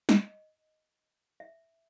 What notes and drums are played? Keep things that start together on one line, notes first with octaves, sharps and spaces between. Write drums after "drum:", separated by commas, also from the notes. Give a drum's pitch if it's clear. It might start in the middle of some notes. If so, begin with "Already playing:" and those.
D#5, drum: snare
E5